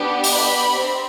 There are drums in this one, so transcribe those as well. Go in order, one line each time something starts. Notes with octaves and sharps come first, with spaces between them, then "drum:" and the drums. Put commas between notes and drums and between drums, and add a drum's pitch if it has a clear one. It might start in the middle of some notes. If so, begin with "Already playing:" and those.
Already playing: B3 D4 G4
drum: open hi-hat
B5
C4